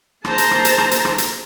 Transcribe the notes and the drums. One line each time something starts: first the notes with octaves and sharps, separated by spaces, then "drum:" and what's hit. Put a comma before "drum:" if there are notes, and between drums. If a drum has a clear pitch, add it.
A#3 G#4 C5 A5 A#5, drum: rim click
drum: hi-hat
drum: rim click
drum: hi-hat
drum: rim click
drum: hi-hat
drum: rim click
drum: hi-hat